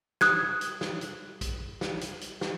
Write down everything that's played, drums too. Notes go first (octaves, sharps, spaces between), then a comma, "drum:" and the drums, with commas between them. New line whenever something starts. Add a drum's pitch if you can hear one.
D#6 F#6 G#6, drum: snare
drum: hi-hat
drum: snare
drum: hi-hat
drum: kick, hi-hat
drum: snare
drum: hi-hat
drum: hi-hat
drum: snare